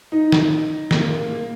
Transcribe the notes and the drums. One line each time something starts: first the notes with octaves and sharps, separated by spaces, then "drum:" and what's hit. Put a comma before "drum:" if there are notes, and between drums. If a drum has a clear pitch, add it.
D#4
drum: snare
A#3, drum: snare
A#3
A#3